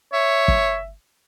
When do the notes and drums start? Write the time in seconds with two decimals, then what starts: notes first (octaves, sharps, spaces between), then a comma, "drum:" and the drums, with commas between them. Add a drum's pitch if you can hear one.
0.13 C#5 E5
0.48 drum: kick